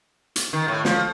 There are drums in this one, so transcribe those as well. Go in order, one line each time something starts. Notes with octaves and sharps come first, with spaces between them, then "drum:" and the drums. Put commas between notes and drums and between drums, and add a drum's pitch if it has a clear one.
drum: hi-hat
D#3
A2
F3, drum: snare